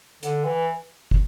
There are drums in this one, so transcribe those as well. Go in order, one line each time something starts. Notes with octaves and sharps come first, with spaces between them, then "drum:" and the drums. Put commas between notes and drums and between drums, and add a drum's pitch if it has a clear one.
D3, drum: hi-hat
E3
drum: kick